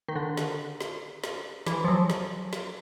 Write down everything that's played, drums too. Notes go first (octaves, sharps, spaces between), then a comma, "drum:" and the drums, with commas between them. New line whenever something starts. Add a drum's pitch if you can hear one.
D#3
D3
drum: snare
drum: snare
drum: snare
E3, drum: snare
F3
F#3
drum: snare
drum: snare